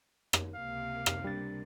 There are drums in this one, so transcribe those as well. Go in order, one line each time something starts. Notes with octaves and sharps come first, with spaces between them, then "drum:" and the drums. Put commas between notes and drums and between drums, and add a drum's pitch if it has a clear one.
drum: rim click
C#2 C3 A#3 F5
drum: rim click
G3 D4 A6